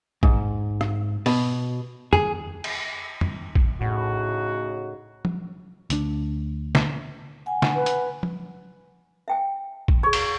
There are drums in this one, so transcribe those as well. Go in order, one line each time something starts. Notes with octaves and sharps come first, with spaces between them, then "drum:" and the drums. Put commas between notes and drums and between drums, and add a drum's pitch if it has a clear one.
G#2, drum: kick
drum: rim click
B2, drum: open hi-hat
G#4, drum: tom
drum: cymbal
drum: tom
drum: kick
A2 C#3 D#4 F#4
drum: tom
D2 D4, drum: hi-hat
drum: snare D3
F#5 G#5
drum: snare D3
B4
drum: hi-hat
drum: tom
E5 G5 G#5
drum: kick
G#4 C#5 C#6
drum: cymbal